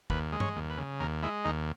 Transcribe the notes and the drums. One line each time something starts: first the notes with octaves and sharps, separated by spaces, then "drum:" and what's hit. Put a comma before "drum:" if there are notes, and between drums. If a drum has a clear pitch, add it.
D#2 B4, drum: kick
G#3
C#5, drum: tom G2
D#2
B4
C#3
D#2 A#4
G#3 E4
D#2 D#4